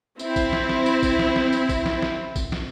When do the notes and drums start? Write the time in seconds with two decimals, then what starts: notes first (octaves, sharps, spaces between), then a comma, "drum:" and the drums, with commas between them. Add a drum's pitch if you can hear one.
0.19 C4 E4, drum: tambourine
0.36 drum: kick A1, tambourine
0.53 drum: snare
0.69 drum: snare
0.86 drum: tambourine
1.03 drum: kick A1, tambourine
1.19 drum: snare
1.36 drum: snare
1.52 drum: tambourine
1.69 drum: kick A1, tambourine
1.86 drum: snare
2.02 drum: snare
2.36 drum: kick A1, tambourine
2.52 drum: snare